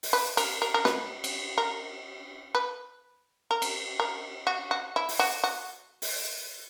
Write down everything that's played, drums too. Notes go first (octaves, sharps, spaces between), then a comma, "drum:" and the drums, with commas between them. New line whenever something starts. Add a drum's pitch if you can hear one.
drum: open hi-hat
B4
A#4, drum: cymbal
A#4
A#4
B4, drum: snare
drum: cymbal
A#4
B4
A#4
drum: cymbal
A#4
F#4
F#4
E4
drum: open hi-hat
F#4
F#4
drum: open hi-hat